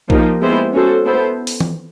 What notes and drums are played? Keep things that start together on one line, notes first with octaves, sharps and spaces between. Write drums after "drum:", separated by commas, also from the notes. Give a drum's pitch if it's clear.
F3 A#3 D#4 G4, drum: kick A#1
G#3 B3 E4 G4 C5
C#4 F#4 A4 C5
B3 E4 A4 C5
drum: open hi-hat
drum: tom E3